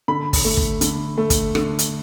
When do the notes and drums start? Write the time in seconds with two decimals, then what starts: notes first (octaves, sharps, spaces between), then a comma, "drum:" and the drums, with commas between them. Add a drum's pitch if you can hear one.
0.08 D3 B5
0.33 drum: kick, open hi-hat
0.45 A3
0.57 drum: kick
0.81 D3, drum: hi-hat
1.18 A3
1.30 drum: kick, hi-hat
1.55 D3, drum: rim click
1.79 drum: hi-hat